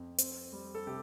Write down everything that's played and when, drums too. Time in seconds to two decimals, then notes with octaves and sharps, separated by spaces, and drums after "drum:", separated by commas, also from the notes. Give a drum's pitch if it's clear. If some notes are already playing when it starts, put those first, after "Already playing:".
Already playing: F2
0.18 C4, drum: hi-hat
0.53 G3
0.75 A4
0.87 C3 G4